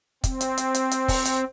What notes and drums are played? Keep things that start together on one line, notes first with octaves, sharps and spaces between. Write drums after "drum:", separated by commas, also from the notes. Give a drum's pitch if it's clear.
C4, drum: kick, hi-hat
drum: hi-hat
drum: hi-hat
drum: hi-hat
drum: hi-hat
drum: kick, open hi-hat
drum: hi-hat